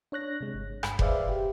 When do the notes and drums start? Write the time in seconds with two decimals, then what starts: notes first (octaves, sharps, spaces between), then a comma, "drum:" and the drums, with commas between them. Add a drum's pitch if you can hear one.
0.12 D4 C#5 F#6 A#6
0.41 C3 G#3
0.54 G1
0.83 G2 B5, drum: rim click
0.99 G#4 B4 C5 D5 E5 F5, drum: kick F1
1.29 G4